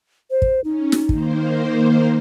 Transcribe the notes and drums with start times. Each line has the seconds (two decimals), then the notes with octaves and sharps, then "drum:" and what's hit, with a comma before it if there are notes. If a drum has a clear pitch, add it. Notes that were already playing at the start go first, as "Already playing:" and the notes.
0.31 C5
0.42 drum: kick
0.64 C#4 D#4
0.92 drum: snare
1.09 D#3 A#3 C5, drum: kick